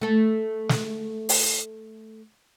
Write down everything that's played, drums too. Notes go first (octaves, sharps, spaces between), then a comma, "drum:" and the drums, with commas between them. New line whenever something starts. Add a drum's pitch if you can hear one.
A3 A4
drum: snare
drum: open hi-hat